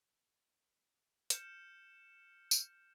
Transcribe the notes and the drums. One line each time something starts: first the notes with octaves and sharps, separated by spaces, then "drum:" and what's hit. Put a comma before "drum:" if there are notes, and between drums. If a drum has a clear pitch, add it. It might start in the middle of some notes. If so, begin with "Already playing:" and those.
F6 G6 C#7 E7, drum: hi-hat
drum: tambourine